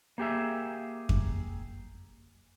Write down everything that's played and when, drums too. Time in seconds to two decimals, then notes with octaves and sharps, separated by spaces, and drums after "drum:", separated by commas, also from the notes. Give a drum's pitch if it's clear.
0.18 A#3 G4 G#4 E5
1.09 drum: kick F2